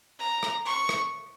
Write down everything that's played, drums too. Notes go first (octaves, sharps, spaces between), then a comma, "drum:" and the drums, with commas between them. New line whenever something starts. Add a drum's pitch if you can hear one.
A#5
drum: rim click
C#6
drum: rim click